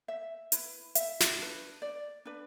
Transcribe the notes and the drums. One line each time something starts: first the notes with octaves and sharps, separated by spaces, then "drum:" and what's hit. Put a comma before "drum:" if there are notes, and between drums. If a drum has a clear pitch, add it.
E5
E4 B4, drum: hi-hat
E5, drum: hi-hat
drum: snare
D4 B4
D5
D4 B4